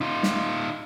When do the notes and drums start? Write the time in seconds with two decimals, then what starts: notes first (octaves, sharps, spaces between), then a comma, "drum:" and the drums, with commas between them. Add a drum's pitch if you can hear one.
0.01 D#4 F4
0.23 drum: snare